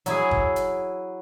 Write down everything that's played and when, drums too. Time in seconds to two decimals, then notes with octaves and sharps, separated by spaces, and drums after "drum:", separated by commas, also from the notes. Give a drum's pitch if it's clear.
0.06 F#3 E4 G#4, drum: hi-hat
0.31 drum: kick
0.56 drum: hi-hat